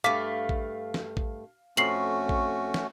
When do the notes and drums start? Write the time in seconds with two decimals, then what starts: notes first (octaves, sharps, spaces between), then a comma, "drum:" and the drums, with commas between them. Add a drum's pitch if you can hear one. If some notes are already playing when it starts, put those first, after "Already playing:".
0.04 G2 A3 F5 D6 B6
0.49 drum: kick A1
0.94 drum: snare
1.17 drum: kick A1
1.77 F2 A3 C#4 F#4 C7 F#7
2.29 drum: kick A1
2.74 drum: snare